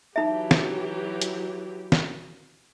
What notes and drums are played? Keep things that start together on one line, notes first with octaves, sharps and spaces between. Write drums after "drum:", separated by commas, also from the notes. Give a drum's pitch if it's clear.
E3 F#3 D#4 G4 E5
drum: snare
drum: hi-hat
drum: snare